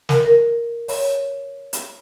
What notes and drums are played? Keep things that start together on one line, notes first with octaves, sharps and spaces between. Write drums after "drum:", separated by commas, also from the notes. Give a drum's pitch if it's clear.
A#4, drum: snare
A#4
C#5, drum: open hi-hat
drum: hi-hat